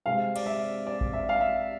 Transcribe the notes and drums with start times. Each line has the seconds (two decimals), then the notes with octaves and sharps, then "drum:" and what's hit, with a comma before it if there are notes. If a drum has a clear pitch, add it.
0.06 C3 G#3 C4 F5
0.36 D5, drum: cymbal
0.46 E5
0.87 D5
1.01 drum: kick A1
1.13 E5
1.29 F5
1.41 E5